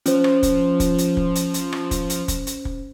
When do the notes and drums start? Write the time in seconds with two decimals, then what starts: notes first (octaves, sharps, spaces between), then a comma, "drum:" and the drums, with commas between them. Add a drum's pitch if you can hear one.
0.06 F3 C#4 C5, drum: hi-hat
0.24 drum: rim click
0.43 drum: kick, hi-hat
0.80 drum: kick, hi-hat
0.98 drum: hi-hat
1.17 drum: kick
1.35 drum: hi-hat
1.54 drum: hi-hat
1.73 drum: rim click
1.91 drum: kick, hi-hat
2.10 drum: hi-hat
2.28 drum: kick, hi-hat
2.47 drum: hi-hat
2.65 drum: kick